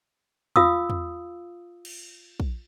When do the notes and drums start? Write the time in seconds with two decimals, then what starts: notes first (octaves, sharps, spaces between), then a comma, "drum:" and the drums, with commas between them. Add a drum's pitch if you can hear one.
0.56 F4 F5 D#6 E6, drum: tom E2
0.90 drum: tom E2
1.85 drum: cymbal
2.40 drum: kick